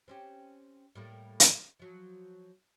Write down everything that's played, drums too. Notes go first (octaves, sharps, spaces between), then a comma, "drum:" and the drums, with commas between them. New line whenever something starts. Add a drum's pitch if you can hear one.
C4 C#4 G4
A2 G3 A#3
drum: hi-hat
F3 F#3